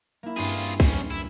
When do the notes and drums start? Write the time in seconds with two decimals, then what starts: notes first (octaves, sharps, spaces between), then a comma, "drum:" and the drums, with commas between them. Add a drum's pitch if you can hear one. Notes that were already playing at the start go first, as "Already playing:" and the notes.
0.23 A#3 E4
0.36 G2 C4 C#4 F4 G#4
0.80 F#2 C#3, drum: kick C2
1.11 E4